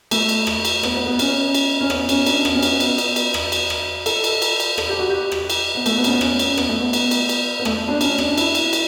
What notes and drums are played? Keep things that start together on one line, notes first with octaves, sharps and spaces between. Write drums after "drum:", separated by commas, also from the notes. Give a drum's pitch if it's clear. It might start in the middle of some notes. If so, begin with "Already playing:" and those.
A3, drum: cymbal
drum: cymbal
drum: rim click
drum: cymbal
B3, drum: rim click
B3
B3
C#4, drum: cymbal
drum: cymbal
C#4
B3, drum: rim click
C#4, drum: cymbal
D4, drum: cymbal
B3, drum: rim click
C#4
B3, drum: cymbal
drum: cymbal
drum: cymbal
drum: cymbal
drum: rim click
drum: cymbal
drum: rim click
A4, drum: cymbal
drum: cymbal
drum: cymbal
drum: cymbal
A4, drum: rim click
G4
F#4
G4
drum: rim click
drum: cymbal
B3
A3, drum: cymbal
B3
C#4, drum: cymbal
B3
C#4, drum: rim click
drum: cymbal
B3, drum: rim click
A3
B3
drum: cymbal
drum: cymbal
drum: cymbal
B3
A3, drum: rim click
D4
C#4, drum: cymbal
D4, drum: rim click
E4, drum: cymbal
drum: cymbal
drum: cymbal